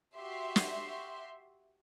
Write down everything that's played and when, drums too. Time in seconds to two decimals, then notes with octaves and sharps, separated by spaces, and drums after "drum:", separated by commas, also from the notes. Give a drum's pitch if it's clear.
0.16 F#4 G4 E5 C6
0.56 drum: snare